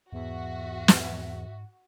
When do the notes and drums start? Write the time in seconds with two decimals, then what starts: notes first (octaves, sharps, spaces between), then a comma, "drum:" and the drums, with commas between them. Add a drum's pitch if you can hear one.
0.13 E2 G#2 F#4 E5
0.88 drum: snare